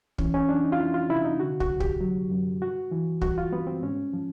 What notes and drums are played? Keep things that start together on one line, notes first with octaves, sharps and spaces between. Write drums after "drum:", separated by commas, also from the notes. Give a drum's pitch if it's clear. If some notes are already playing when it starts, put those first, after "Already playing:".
E3 C#4, drum: kick
C#4
F2 D4
D#4
F4
F2 E4
F4
C3 E4
D#4
D3 F#4
F#4, drum: kick
F#2
G4, drum: kick
F#3
F#2
G2 F#4
E3
G2 F#4, drum: kick
F4
G2 B3
C4
G#2 C#4
F3